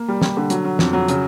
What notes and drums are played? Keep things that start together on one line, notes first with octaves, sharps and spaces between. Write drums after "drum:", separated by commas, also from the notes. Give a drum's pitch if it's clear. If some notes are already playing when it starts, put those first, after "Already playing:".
Already playing: A#3
G3
G3, drum: snare
D3
F#3, drum: hi-hat
F#3
F2, drum: snare
F#3
C#3, drum: hi-hat